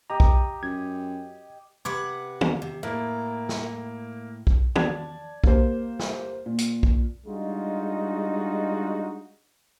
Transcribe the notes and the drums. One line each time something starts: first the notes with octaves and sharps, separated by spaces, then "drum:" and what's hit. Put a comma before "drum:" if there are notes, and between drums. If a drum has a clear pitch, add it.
G4 D#5 A#5
drum: kick
F#2 G#6
C3 B4 F#5 D6 G#6
drum: tom D#3
C3
A2 A#3 E4
drum: snare
drum: kick
D5 A5 G#6, drum: tom D#3
A#3 G4 C5, drum: kick
drum: snare
A#2
drum: hi-hat
drum: kick
G3 G#3 D4 D#4 F4 F#4